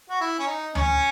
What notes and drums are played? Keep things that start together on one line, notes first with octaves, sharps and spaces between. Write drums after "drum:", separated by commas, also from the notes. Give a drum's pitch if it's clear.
F#4
E4
C#4
D#4
C#4, drum: tom D2